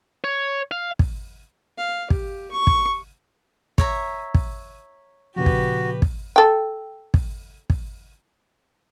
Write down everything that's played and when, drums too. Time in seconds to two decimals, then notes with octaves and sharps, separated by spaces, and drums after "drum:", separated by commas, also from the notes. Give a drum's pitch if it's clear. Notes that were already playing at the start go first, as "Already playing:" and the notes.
0.24 C#5
0.71 F5
0.99 drum: kick
1.78 F5
2.10 G4, drum: kick
2.51 C#6
2.67 drum: kick
3.78 C#5 E5 A#5, drum: kick
4.34 drum: kick
5.36 A#2 C#3 F3 F#4 G4 B4
5.46 drum: kick
6.02 drum: kick
6.36 A4 G5
7.14 drum: kick
7.70 drum: kick